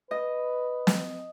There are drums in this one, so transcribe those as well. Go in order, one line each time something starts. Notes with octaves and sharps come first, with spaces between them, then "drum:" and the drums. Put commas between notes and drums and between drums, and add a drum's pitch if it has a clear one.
B4 D#5
drum: snare